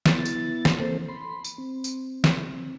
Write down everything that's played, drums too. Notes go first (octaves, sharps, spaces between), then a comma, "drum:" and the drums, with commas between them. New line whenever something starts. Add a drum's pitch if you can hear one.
B3 E4 A6, drum: snare
drum: tambourine
drum: snare
E3 A#3 C4 A4 C5
B5 C6
drum: tambourine
C4
drum: tambourine
drum: snare